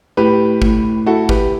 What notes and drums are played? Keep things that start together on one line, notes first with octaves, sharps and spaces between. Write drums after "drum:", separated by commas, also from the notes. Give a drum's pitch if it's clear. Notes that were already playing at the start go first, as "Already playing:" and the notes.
A2 G4 B4
A2, drum: kick
E4 F#4 A4
G4 B4, drum: kick